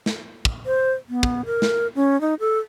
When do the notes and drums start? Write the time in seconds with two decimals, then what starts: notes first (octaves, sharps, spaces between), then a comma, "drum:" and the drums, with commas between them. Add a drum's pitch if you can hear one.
0.06 drum: snare
0.45 drum: kick
0.66 C5
1.09 B3
1.23 drum: kick
1.46 A#4
1.62 drum: snare
1.95 C#4
2.21 D#4
2.40 A4